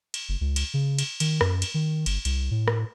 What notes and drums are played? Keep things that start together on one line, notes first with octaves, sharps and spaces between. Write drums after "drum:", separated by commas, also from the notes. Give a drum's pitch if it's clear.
drum: cymbal
F#1
C#2
drum: cymbal
C#3
drum: cymbal
D#3, drum: cymbal
F#2, drum: rim click
drum: cymbal
D#3
G1, drum: cymbal
C2, drum: cymbal
A2
drum: rim click